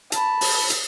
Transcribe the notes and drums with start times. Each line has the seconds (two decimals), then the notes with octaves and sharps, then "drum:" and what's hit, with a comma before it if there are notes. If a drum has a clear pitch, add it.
0.12 A5 B5, drum: hi-hat
0.41 drum: open hi-hat
0.70 drum: hi-hat